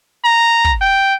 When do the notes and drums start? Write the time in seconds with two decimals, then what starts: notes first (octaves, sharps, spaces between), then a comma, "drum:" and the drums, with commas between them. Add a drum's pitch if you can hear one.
0.25 A#5
0.64 drum: kick
0.82 G5